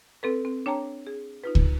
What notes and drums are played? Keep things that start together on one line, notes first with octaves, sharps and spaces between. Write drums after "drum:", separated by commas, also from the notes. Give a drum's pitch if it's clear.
C4 A4 B4
C4
D4 C#5 G5 A5 A#5
G#4
D#4 F4 B4
drum: kick C#2